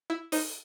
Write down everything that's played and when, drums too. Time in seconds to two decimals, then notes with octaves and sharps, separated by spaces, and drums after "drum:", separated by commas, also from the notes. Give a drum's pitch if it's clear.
0.10 E4
0.32 D#4, drum: open hi-hat